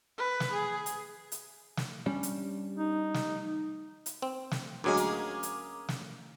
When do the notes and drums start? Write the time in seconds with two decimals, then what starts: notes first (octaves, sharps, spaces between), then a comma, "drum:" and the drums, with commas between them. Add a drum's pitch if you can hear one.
0.17 B4
0.40 drum: snare
0.51 G#4
0.86 drum: hi-hat
1.32 drum: hi-hat
1.77 drum: snare
2.06 G3 C#4 D4
2.23 drum: hi-hat
2.77 D#4
3.14 drum: snare
4.06 drum: hi-hat
4.22 C4
4.51 drum: snare
4.84 D2 F#3 G#3 A#3 C#4 G#4
4.97 drum: hi-hat
5.43 drum: hi-hat
5.89 drum: snare